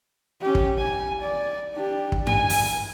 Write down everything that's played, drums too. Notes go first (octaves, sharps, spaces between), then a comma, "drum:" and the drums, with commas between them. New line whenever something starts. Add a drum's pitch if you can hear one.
C#4 G4
drum: kick
G#5
D5
D4 G4
drum: kick
G#5, drum: tom G2
drum: open hi-hat